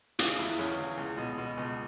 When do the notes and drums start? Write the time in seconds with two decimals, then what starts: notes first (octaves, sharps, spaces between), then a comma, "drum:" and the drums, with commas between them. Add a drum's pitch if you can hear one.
0.19 C#3 D#4, drum: hi-hat
0.38 E2 E4
0.58 E2 C#4
0.78 C#3
0.97 C#2
1.17 B2
1.38 B2
1.57 C#2